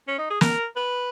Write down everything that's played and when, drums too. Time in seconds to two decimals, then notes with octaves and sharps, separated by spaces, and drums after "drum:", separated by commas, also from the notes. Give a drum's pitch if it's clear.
0.08 C#4
0.18 D#4
0.30 G#4
0.41 A#4, drum: snare
0.76 B4